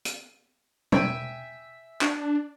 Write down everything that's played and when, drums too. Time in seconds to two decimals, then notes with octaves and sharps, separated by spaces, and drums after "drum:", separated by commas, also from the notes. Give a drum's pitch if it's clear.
0.05 drum: hi-hat
0.92 E5 G5 G#5, drum: tom B2
2.01 D4, drum: clap